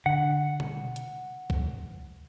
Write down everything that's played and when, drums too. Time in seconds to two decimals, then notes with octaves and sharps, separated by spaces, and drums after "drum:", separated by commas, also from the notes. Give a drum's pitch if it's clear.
0.06 D3 F#5
0.60 drum: tom B2
0.96 drum: hi-hat
1.50 drum: kick